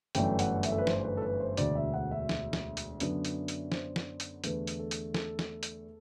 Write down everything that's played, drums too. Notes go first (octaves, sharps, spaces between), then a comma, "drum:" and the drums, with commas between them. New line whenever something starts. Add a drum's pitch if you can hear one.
G1 F#2 E3 A3 D4 G5, drum: hi-hat
F#5, drum: hi-hat
E5, drum: hi-hat
A4
B4
C5, drum: snare
B4
A4
B4
C5
E1 D2 D3 D5, drum: hi-hat
E5
F#5
E5
drum: snare
drum: snare
drum: hi-hat
F#2 D3 F#3 B3 D4, drum: hi-hat
drum: hi-hat
drum: hi-hat
C5, drum: snare
drum: snare
drum: hi-hat
E2 D3 A3 B4, drum: hi-hat
drum: hi-hat
A4
drum: hi-hat
A4, drum: snare
drum: snare
drum: hi-hat